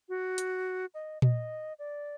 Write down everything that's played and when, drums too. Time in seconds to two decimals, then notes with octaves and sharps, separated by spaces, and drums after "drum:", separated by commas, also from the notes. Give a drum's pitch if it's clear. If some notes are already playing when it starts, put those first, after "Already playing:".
0.09 F#4
0.38 drum: hi-hat
0.94 D#5
1.22 D#5, drum: tom A#2
1.79 D5